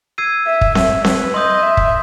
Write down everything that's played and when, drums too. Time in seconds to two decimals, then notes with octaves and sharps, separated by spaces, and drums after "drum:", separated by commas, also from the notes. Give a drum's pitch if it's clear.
0.18 E6 G#6 C7 D#7
0.46 E5
0.61 drum: kick
0.75 E5, drum: snare C4
1.04 B4, drum: snare C4
1.34 D#5 C6 D#6 G6
1.62 E5
1.77 drum: kick